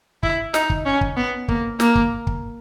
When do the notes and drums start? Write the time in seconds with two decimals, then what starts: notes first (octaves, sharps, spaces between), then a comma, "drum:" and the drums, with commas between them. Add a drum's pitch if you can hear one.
0.23 E4, drum: kick
0.54 D#4, drum: snare
0.70 drum: kick
0.85 C#4
1.01 drum: kick
1.17 B3
1.48 A#3, drum: kick
1.80 A#3, drum: snare
1.95 drum: kick
2.27 drum: kick